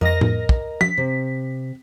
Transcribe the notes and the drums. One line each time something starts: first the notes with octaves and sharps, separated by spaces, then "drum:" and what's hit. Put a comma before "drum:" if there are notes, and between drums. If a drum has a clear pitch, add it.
F2 A#4 D#5 A#6
drum: tom A2
drum: kick
B6, drum: tom F3
C3